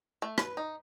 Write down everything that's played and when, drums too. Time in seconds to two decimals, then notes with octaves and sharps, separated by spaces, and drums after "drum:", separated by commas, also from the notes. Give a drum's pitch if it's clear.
0.22 A3
0.38 B4, drum: rim click
0.57 D#4